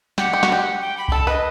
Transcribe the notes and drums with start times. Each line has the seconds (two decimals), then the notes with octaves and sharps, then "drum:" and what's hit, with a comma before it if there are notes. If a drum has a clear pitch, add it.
0.18 G4 F#5, drum: snare
0.33 G4
0.43 F#4, drum: snare
0.52 G4
0.81 G5
0.97 B5
1.08 G5, drum: kick C2
1.12 A4 A5
1.27 B4 D#5